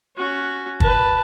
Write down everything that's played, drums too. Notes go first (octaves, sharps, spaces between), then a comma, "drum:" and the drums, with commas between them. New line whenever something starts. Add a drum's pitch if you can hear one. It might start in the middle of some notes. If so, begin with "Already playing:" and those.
C#4 F#4
B4 A5, drum: kick